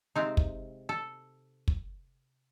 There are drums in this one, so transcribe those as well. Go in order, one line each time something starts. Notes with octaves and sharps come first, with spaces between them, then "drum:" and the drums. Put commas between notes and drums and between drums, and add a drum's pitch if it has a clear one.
C3 G#3 C4 D#4
drum: kick
A4
drum: kick